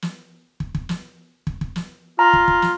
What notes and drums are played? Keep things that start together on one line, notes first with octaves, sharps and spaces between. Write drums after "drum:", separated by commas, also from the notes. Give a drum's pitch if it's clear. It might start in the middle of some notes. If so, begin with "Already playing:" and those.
drum: snare
drum: kick
drum: kick
drum: snare
drum: kick
drum: kick
drum: snare
F4 A#5
drum: kick
drum: kick
drum: snare